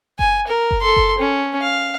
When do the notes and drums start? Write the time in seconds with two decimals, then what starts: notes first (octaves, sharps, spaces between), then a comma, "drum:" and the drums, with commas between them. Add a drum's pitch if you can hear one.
0.19 G#5, drum: kick F#1
0.48 A#4
0.71 drum: kick F#1
0.81 A4 C6
0.96 drum: kick F#1
1.18 C#4
1.61 F5